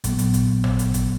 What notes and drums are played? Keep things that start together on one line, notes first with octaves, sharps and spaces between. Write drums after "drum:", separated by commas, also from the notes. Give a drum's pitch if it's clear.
A#2 F#3 B3, drum: kick, hi-hat
drum: hi-hat
drum: kick, hi-hat
drum: tom
drum: hi-hat
drum: kick, hi-hat